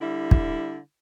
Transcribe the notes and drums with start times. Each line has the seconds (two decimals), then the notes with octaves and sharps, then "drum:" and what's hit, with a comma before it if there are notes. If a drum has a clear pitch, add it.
0.01 D3 G3 E4
0.31 drum: kick